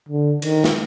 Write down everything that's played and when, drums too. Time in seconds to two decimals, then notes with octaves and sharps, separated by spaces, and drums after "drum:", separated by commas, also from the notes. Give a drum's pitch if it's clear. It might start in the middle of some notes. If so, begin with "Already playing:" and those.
0.09 D3
0.42 D#3, drum: cymbal
0.64 drum: snare